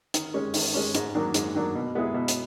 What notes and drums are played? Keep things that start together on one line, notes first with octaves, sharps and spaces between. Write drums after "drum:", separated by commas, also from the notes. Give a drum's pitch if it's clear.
D#3, drum: hi-hat
G#3 C#4
D#3, drum: open hi-hat
G#3 C#4
G#2, drum: hi-hat
D#3 F#3 A#3 D4
G#2, drum: hi-hat
D#3 F#3 A#3 D4
B2
G#3 B3 E4 G#4
B2
drum: hi-hat